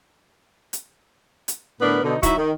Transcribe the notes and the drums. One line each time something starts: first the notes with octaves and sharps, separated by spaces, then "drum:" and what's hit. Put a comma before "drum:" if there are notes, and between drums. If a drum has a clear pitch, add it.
drum: hi-hat
drum: hi-hat
A2 D3 B3 D4 A#4 B4
B2 D3 D#4
F#3 D#4 E4 F#4 E5, drum: kick, hi-hat
D#3